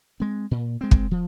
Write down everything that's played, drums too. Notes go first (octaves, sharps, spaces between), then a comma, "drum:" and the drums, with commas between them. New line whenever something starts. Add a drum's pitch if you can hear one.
G#3 C4
A#2
G#3 C4
drum: kick
F3